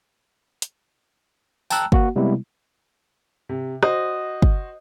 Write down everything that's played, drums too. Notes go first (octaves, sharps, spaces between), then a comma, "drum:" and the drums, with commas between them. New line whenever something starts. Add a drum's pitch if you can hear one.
drum: hi-hat
G5 A5 A#5 E6 F#6, drum: tambourine
A#3 F#4 F#5, drum: kick
C3 G3 G#3 B3 E4
C3
F#4 C5 D#5, drum: rim click
drum: kick